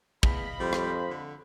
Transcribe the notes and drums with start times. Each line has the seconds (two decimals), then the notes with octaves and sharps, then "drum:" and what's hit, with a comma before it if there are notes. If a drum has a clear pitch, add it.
0.23 E2 D#5 F5 B5, drum: kick
0.60 F2 G3 C5
0.73 drum: rim click
1.11 D3